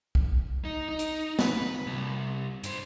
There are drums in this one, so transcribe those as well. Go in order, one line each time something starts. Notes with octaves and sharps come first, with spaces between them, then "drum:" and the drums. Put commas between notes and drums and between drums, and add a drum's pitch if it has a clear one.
drum: kick
D#4
D#4
drum: hi-hat
B4, drum: snare
C2
G2 C5, drum: hi-hat